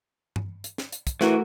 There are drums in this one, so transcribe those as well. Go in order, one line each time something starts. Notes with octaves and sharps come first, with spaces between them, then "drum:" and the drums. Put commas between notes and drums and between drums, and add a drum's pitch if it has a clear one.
drum: tom G2
drum: hi-hat
drum: snare
drum: hi-hat
drum: kick, hi-hat
E3 A3 F#4 A#4, drum: snare